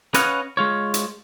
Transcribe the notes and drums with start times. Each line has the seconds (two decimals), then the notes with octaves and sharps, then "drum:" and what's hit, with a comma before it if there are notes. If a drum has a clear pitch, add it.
0.14 C#4 B4 C#5 D#5 F5 F#5, drum: hi-hat
0.57 G#3 F4 C#5
0.94 drum: hi-hat